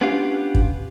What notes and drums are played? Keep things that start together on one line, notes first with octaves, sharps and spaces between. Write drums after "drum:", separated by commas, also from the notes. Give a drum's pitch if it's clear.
B3 C#4 D4 F4 G4 F5
drum: kick